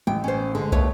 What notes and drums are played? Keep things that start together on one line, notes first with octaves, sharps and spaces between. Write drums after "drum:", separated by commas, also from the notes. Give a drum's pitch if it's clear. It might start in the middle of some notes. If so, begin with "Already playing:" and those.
A1 G5
C#4 C5
D3 G#3
D#2 A3 C#5, drum: kick